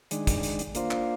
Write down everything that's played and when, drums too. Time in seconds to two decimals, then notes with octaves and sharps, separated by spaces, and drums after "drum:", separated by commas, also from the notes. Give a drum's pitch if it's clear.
0.11 D#3 G#3 D4, drum: hi-hat
0.27 drum: kick, hi-hat
0.43 drum: hi-hat
0.59 drum: hi-hat
0.75 A#3 D4 F4 C5, drum: hi-hat
0.91 drum: clap